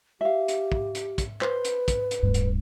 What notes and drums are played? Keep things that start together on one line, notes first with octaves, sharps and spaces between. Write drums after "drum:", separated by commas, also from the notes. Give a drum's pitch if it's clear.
G4 E5 F5
drum: hi-hat
drum: kick
drum: hi-hat
drum: kick, hi-hat
B4 C5, drum: clap
drum: hi-hat
drum: kick, hi-hat
drum: hi-hat
D1 G2
drum: hi-hat